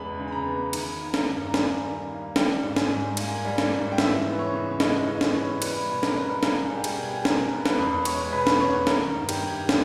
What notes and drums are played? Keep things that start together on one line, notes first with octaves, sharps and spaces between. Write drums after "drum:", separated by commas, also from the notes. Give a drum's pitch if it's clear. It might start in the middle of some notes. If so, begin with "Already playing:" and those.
Already playing: E2 C#3 G#3 B3 B5
C#3
B5
A#5
B3
D#3 B5, drum: cymbal
A#3
A#5, drum: snare
G2
A#5
G3 G#5, drum: snare
D#3
A#3
G3 G5, drum: snare
G#2
G#5, drum: snare
G#2
A#3 G#5, drum: cymbal
G3
drum: snare
G#2
G5
E3 E5, drum: snare
B3
C#5
C#3
C#5
G#3 D#5, drum: snare
E3 D#5
drum: snare
B3 C#5
G3 B4, drum: cymbal
B2
A#4, drum: snare
B2 B4
A#4
A#3 G#4, drum: snare
G3 G4
G#4, drum: cymbal
B2
G4
G#4
B2 A#4, drum: snare
B3
B4, drum: snare
E2
G#3 C#5, drum: cymbal
B2 B4
drum: snare
B3 C#5
D#3 A#4, drum: snare
G2
G4, drum: cymbal
G2
G#4, drum: snare